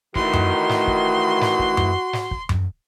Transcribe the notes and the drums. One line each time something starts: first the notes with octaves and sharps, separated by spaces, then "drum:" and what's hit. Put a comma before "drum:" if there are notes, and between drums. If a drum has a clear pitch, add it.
D#3 E3 A3 F#4 C6, drum: kick
drum: tom F#2
drum: snare
drum: kick
drum: snare
drum: kick
drum: tom F#2
drum: snare
drum: kick
drum: tom F#2